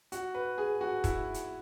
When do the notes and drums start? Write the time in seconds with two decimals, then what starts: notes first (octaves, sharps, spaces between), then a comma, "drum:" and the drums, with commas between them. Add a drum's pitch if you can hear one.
0.12 F#4, drum: hi-hat
0.35 B4
0.58 G#4
0.81 F#4
1.04 E4, drum: kick, hi-hat
1.34 drum: hi-hat